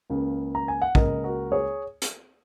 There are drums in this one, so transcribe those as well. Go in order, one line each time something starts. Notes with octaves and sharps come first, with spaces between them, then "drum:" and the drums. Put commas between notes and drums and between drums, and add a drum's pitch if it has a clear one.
C#2 C#3 A#3
A#5
G#5
F#5
C#2 C#3 A#3 A#4 D#5, drum: kick
F#4 A#4
G#4 C#5
drum: hi-hat